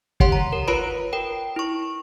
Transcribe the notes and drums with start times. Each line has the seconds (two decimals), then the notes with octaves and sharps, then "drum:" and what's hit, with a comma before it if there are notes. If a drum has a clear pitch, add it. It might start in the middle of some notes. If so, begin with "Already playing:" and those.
0.20 G4 C#5 F#5 C6, drum: kick
0.32 A#5
0.53 A#4
0.68 F4 B4 C#5 A#5 B5 D7
1.13 A#4 G5
1.56 E4 C#6